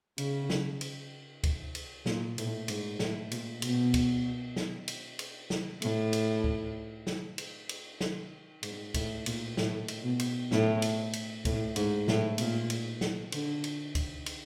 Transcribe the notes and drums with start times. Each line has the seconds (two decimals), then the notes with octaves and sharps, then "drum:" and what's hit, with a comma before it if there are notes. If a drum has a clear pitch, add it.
0.18 C#3, drum: cymbal
0.50 drum: snare
0.81 drum: cymbal
1.44 drum: kick C#2, cymbal
1.75 drum: cymbal
2.06 A#2, drum: snare
2.38 A2, drum: cymbal
2.68 G#2, drum: cymbal
2.99 A2, drum: snare
3.32 A#2, drum: cymbal
3.62 B2, drum: cymbal
3.94 drum: kick C#2, cymbal
4.56 drum: snare
4.88 drum: cymbal
5.19 drum: cymbal
5.50 drum: snare
5.82 A2, drum: cymbal
6.13 drum: cymbal
6.44 drum: kick C#2
7.07 drum: snare
7.38 drum: cymbal
7.69 drum: cymbal
8.01 drum: snare
8.63 G#2, drum: cymbal
8.94 A2, drum: kick C#2, cymbal
9.26 A#2, drum: cymbal
9.57 A2, drum: snare
9.88 drum: cymbal
10.03 B2
10.20 drum: cymbal
10.51 A2, drum: snare
10.82 drum: cymbal
11.13 drum: cymbal
11.45 A2, drum: kick C#2, cymbal
11.76 G#2, drum: cymbal
12.08 A2, drum: snare
12.38 A#2, drum: cymbal
12.70 drum: cymbal
13.01 drum: snare
13.32 D3, drum: cymbal
13.64 drum: cymbal
13.95 drum: kick C#2, cymbal
14.26 drum: cymbal